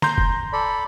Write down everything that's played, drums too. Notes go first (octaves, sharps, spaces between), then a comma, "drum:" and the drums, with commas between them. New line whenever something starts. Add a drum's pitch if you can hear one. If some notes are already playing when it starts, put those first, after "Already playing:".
A#5 C6 G6, drum: snare
drum: kick F1
A4 D5 B5